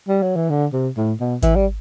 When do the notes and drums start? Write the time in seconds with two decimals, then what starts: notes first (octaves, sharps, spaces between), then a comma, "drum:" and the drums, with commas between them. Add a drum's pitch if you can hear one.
0.08 G3
0.23 F#3
0.36 E3
0.50 D3
0.73 C3
0.97 A2
1.20 B2
1.43 E3, drum: kick G#1, hi-hat
1.56 G3